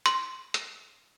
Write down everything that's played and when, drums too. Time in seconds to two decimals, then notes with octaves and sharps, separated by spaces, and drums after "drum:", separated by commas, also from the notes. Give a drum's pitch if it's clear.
0.06 C6, drum: hi-hat
0.54 drum: hi-hat